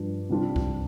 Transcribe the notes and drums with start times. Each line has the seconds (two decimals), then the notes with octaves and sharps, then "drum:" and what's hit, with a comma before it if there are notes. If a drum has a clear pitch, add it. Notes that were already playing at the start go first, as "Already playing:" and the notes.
Already playing: G2 F3 D4
0.29 C3 G3 D4 F4
0.56 drum: kick C2